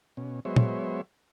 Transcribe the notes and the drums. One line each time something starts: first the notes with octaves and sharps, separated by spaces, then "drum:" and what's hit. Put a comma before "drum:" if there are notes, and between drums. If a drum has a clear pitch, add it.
B2 C#4
F#3 G#3 B3 C5 C#5 E5
drum: tom